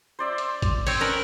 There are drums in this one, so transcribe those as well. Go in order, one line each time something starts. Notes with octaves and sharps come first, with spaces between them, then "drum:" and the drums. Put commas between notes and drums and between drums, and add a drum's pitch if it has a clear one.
C5 D5 E5
drum: hi-hat
drum: kick, hi-hat
C4 C#5, drum: open hi-hat
C#4 A#4 B4